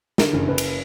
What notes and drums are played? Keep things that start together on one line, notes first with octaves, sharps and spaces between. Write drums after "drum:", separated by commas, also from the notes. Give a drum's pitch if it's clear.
D3 A#4, drum: snare
F#1
F#1 B4
drum: cymbal